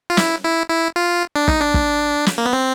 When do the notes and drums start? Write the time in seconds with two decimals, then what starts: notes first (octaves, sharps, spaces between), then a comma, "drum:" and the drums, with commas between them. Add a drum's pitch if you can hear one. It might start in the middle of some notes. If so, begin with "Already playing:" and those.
0.10 F4
0.17 E4, drum: snare
0.44 E4
0.70 E4
0.96 F4
1.36 D4
1.48 D#4, drum: kick
1.61 D4
1.74 drum: kick
2.26 drum: snare
2.38 A#3
2.45 B3
2.53 C4